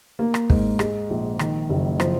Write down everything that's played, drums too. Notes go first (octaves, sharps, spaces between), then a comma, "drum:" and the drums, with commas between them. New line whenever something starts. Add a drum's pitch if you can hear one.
A#3
drum: rim click
G#2, drum: kick
G#3, drum: rim click
A#1
D#3, drum: rim click
F#1
F3, drum: rim click